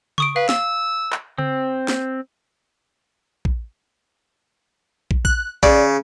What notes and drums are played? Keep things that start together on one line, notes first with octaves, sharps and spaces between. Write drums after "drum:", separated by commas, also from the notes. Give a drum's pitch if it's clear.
C#6 D#6 D7, drum: tom C#3
B4 F5
E6, drum: snare
drum: clap
C4, drum: tom C#3
drum: snare
drum: kick
drum: kick
F#6, drum: kick
C#3 D5, drum: kick